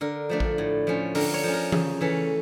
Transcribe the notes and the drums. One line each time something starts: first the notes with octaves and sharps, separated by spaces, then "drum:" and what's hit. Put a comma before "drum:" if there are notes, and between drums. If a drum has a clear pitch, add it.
D3 A#4
F3 A3 D4
drum: kick A1
A2
F3 A3 C#4
D3 A#4, drum: open hi-hat
C#5
F3 C#4
A#4
C#3, drum: tom E3
E3 A3 C#4